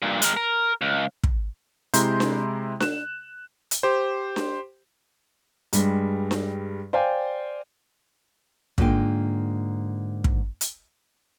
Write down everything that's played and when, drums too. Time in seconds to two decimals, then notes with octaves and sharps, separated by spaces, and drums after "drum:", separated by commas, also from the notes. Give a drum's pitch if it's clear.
0.02 G2 A#2
0.22 G#3 A#4, drum: hi-hat
0.37 A#4
0.81 C#2
1.24 drum: kick
1.94 C3 G#3 E4 A#5 C6 G6, drum: hi-hat
2.20 drum: snare D4
2.80 F#6 E7, drum: snare D4
3.71 drum: hi-hat
3.83 G4 C5
4.36 drum: snare D4
5.73 G2 G3 G#3, drum: hi-hat
6.31 drum: snare D4
6.93 C5 D5 F5 G5 G#5
8.78 G#2 D3 A#3 F4 C5 G5, drum: kick
10.24 drum: kick
10.61 drum: hi-hat